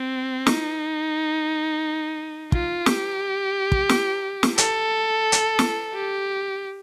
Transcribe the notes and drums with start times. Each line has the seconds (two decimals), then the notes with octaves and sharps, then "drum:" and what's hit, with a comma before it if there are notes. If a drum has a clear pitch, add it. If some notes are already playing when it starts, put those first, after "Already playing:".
Already playing: C4
0.47 D#4, drum: snare
2.52 F4, drum: kick
2.86 G4, drum: snare
3.72 drum: kick
3.89 drum: snare
4.43 drum: snare
4.58 A4, drum: hi-hat
5.32 drum: hi-hat
5.59 drum: snare
5.94 G4